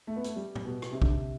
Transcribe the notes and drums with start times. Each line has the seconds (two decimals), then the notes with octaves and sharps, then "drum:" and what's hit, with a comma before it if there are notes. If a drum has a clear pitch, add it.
0.07 A3
0.16 B3
0.24 A3, drum: hi-hat
0.36 G3
0.55 drum: tom A2
0.65 B2
0.82 drum: rim click
0.93 C3
1.02 D3, drum: kick
1.10 C3